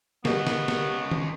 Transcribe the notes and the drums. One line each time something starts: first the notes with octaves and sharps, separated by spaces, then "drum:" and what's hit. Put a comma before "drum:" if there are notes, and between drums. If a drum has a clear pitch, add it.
C#3 G3 A#3 B3 D#5, drum: snare
drum: snare
drum: snare
drum: tom D#3